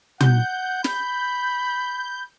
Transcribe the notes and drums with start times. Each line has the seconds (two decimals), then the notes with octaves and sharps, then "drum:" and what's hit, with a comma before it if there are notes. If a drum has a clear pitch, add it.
0.21 F#5 G6, drum: tom
0.84 B5, drum: snare